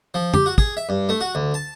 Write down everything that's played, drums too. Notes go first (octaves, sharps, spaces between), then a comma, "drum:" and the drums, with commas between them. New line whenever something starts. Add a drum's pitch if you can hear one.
F3
G4, drum: tom
F#4
G#4, drum: kick
E5
G2
A3
F#4
D2
A5